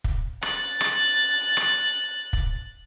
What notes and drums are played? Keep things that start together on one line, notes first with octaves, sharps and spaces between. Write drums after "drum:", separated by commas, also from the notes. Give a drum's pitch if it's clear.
drum: kick
F#6 A6, drum: rim click
drum: rim click
drum: rim click
drum: kick